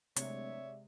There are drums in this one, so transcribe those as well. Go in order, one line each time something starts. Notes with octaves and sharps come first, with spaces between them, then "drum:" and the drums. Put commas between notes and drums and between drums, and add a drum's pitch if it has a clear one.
D1 C3 G#3 C#5 D5 E5, drum: hi-hat